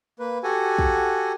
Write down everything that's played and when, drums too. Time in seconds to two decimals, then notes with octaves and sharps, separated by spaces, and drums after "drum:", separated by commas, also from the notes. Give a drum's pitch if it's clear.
0.19 A#3 B4
0.43 F#4 G4 A4 F#5 G#5
0.79 drum: kick